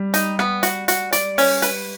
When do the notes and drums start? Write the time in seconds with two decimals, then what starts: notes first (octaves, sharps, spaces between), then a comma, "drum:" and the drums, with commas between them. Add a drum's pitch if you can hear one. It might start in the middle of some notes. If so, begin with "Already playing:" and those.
Already playing: G3
0.14 D#4, drum: hi-hat
0.39 B3, drum: rim click
0.63 F#4, drum: hi-hat
0.88 F#4, drum: hi-hat
1.13 D5, drum: hi-hat
1.38 C#4, drum: open hi-hat
1.62 B4, drum: hi-hat